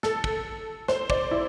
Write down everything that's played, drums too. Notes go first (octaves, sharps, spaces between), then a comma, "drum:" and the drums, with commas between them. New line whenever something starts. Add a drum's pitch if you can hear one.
A4, drum: snare
drum: kick
C5, drum: snare
D5, drum: kick
E4